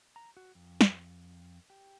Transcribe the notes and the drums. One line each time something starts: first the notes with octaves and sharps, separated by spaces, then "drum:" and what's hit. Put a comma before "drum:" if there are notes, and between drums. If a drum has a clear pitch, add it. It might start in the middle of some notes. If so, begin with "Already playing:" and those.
A#5
F#4
F2
drum: snare
G4